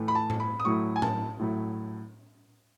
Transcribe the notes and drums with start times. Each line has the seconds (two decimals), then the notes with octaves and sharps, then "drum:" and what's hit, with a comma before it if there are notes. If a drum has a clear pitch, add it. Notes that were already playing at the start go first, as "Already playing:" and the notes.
Already playing: A2 E3 A3
0.08 B5
0.15 A5
0.30 drum: tom A2
0.40 B5
0.60 D#6
0.65 A2 F#3 A3 E4 C#6
0.96 G#5
1.02 A5, drum: tom A2
1.39 A2 F#3 A3 E4